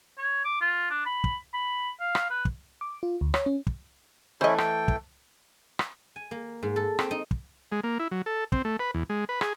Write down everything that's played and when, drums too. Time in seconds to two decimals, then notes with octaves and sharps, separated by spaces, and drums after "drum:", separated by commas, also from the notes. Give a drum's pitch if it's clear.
0.18 C#5
0.44 D6
0.61 F4
0.90 D4
1.06 B5
1.24 drum: kick
1.54 B5
2.00 F5
2.15 drum: rim click
2.30 B4
2.45 drum: kick
2.81 D6
3.03 F4
3.21 D2
3.34 C#5, drum: rim click
3.46 C#4
3.67 drum: kick
4.41 E3 A3 C#4 E4 C5 D#5
4.58 G5, drum: rim click
4.88 drum: kick
5.79 drum: rim click
6.16 G#5
6.31 A#3
6.63 G#2
6.76 A4
6.99 C4, drum: rim click
7.11 D#4
7.31 drum: kick
7.72 G#3
7.84 A#3
7.99 E4
8.11 F#3
8.26 A4
8.52 C4, drum: kick
8.65 A3
8.79 B4
8.94 E2
9.10 G#3
9.29 B4
9.41 G#4, drum: rim click